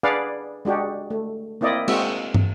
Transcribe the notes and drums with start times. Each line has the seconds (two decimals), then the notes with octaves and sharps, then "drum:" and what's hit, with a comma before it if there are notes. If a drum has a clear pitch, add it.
0.03 D4 G#4 B4 D5 F5 F#5
0.65 G#3 D4 F#4 G4
1.10 A3
1.61 A#3 C4 E4 D5 D#5
1.88 G#3 A#3 C4 F#4 E5, drum: cymbal
2.34 drum: tom